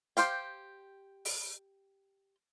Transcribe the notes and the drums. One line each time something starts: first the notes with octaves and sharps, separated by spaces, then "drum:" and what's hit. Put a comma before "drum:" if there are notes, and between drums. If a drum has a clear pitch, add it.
G4 C5 F5 G5, drum: hi-hat
drum: open hi-hat